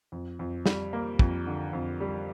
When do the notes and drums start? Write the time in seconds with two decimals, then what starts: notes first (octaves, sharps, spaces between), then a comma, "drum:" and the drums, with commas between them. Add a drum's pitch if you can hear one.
0.12 F2
0.39 F2
0.66 G3, drum: snare
0.93 A#3
1.19 F2, drum: kick
1.47 D3
1.73 F2
2.00 G3